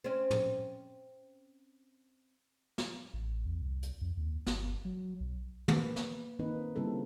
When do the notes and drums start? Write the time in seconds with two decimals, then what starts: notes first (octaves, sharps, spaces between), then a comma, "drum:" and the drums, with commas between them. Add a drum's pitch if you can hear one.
0.04 C4 C#4
0.30 drum: tom
2.78 drum: snare
3.14 A1
3.46 E2
3.62 C2
3.83 drum: hi-hat
4.01 F2
4.17 D#2
4.46 G1, drum: snare
4.85 F#3
5.20 B1
5.68 A#3 B4, drum: tom
5.96 drum: snare
6.39 D#3 A#3 C4 D#4 B4
6.76 C#3 G3 A#3 C4 E4 A4